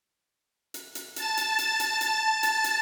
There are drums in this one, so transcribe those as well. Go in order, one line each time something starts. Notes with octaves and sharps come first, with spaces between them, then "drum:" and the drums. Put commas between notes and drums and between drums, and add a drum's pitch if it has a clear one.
drum: hi-hat
drum: hi-hat
A5 A6, drum: hi-hat
drum: hi-hat
drum: hi-hat
drum: hi-hat
drum: hi-hat
drum: hi-hat
drum: hi-hat